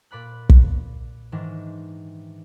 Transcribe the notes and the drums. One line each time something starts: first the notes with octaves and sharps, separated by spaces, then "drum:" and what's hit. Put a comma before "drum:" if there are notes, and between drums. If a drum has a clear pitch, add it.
A#2 D5 B5 F#6
drum: kick
G#2 D#3 E3 G#3 D4